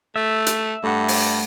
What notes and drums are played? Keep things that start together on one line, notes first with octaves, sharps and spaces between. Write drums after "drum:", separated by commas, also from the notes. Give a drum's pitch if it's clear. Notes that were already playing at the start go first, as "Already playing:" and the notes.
A3 E5
drum: hi-hat
G2 A3 F#5
drum: open hi-hat